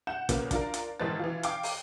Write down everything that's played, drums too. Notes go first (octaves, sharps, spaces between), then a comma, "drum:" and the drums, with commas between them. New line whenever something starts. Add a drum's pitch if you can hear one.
F#5 G6 E7
A#2 C#3 A#3 B3, drum: kick, hi-hat
D4 F4 A#4, drum: kick, hi-hat
drum: hi-hat
G#2 D#3 E3 C5 A5 A6
E3 F4
F5 G5 D6, drum: hi-hat
drum: open hi-hat